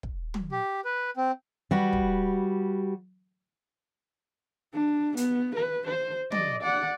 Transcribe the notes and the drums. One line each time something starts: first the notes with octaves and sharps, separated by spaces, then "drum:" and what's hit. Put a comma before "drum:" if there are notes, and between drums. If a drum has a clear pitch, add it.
drum: kick
drum: tom
G4
B4
C4
G3 F#4 B4
drum: kick
D4
B3, drum: hi-hat
B4
C5
D5 D#5, drum: tom
D5 F#5